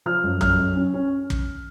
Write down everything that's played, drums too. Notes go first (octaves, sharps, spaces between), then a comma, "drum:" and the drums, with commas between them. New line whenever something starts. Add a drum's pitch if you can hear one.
F3 F6
F#2
F#2 F6, drum: kick
F#2
C#4
C#4
drum: kick